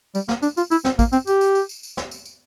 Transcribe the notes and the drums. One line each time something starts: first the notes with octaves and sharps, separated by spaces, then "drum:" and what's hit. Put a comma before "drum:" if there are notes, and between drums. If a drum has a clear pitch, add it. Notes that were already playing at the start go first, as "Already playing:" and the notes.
G3, drum: tambourine
A#3, drum: snare
D4, drum: tambourine
F4, drum: tambourine
E4, drum: tambourine
C4, drum: snare
A#3, drum: kick, tambourine
C4, drum: tambourine
G4, drum: tambourine
drum: tambourine
drum: tambourine
drum: tambourine
drum: tambourine
drum: snare
drum: tambourine
drum: tambourine